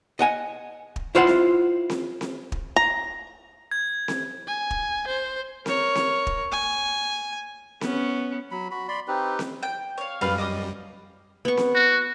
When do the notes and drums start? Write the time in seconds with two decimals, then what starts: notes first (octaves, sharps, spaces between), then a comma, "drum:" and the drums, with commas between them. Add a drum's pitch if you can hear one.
0.19 D#5 F#5 G#5
0.96 drum: kick
1.15 E4 F4 C5 F5 F#5
1.27 drum: snare C4
1.90 drum: snare C4
2.21 drum: snare C4
2.52 drum: kick
2.76 A#5
3.71 G#6
4.08 drum: snare C4
4.47 G#5
4.71 drum: kick
5.07 C5
5.66 A#4 C#5, drum: snare C4
5.95 drum: snare C4
6.27 drum: kick
6.52 G#5
7.81 B3 C#4, drum: snare C4
8.51 F#3 B5
8.71 F#4 B5
8.88 D5 B5 C6
9.08 C4 D#4 G4 B4
9.39 drum: snare C4
9.63 G5
9.98 C#5 F5
10.21 F#2 G3 F4 B4 F5
10.38 D#5 D6 D#6
11.45 B3 C#6
11.57 drum: snare C4
11.75 F#4